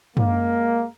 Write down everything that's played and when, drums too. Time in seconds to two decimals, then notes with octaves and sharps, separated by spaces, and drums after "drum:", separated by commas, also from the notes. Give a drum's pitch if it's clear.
0.17 G#3 A#3, drum: tom